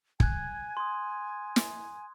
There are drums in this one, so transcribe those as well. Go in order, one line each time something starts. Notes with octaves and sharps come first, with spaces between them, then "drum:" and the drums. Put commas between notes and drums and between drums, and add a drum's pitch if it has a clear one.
G#5 F#6 G#6, drum: kick
C6 D#6
drum: snare